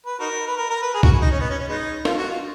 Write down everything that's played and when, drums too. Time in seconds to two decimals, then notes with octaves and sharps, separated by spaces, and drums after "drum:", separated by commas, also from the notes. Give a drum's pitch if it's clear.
0.06 B4
0.20 D#4 F#4 A#4
0.47 B4
0.57 A#4
0.70 A#4
0.82 B4
0.94 G#4
1.03 F#4, drum: kick C2
1.22 D#4
1.31 C#4
1.40 B3
1.49 C#4
1.59 C#4
1.68 G#3 B3 D#4
2.05 F4, drum: snare
2.18 F#4
2.30 F4